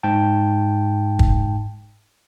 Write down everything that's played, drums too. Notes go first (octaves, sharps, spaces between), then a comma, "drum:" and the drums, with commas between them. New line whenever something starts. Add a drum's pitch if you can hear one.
G#2 G5 A5
drum: kick